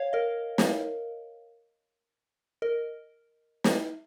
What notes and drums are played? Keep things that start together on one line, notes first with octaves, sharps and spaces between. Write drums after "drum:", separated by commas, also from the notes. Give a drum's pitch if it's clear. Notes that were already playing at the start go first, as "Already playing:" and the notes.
Already playing: C#5 F5
A#4 D#5
drum: snare
A#4 D#5
drum: snare